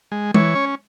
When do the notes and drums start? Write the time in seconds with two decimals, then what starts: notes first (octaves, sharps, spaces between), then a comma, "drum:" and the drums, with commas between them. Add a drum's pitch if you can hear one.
0.12 G#3
0.34 E3 C#5, drum: tom G#3
0.55 C#4